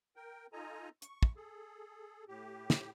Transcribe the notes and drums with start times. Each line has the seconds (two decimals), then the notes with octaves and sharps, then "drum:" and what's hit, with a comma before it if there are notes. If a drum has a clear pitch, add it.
0.16 A#4 G5
0.53 D#4 F4 A4 D#5 G#5 A#5
1.02 C#6, drum: hi-hat
1.23 drum: kick
1.36 G#4 A4
2.28 A2 G4
2.70 drum: snare